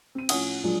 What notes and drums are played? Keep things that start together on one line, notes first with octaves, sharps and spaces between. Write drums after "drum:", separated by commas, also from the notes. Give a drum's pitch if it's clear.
C4 D#7
A2 F3 C#4 C#5 F#5 D#6, drum: cymbal
A#2 F3 F#3 G#3 D4 G#4